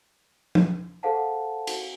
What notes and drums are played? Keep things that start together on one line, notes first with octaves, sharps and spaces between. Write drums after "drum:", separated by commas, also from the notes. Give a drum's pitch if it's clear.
drum: tom
G#4 A4 C5 F5 F#5 A5
drum: cymbal